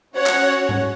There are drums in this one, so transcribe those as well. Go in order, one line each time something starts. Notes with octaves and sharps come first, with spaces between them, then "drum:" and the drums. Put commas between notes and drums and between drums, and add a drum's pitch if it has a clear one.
C#4 F#4 C#5 F#5
drum: clap
drum: tom G#2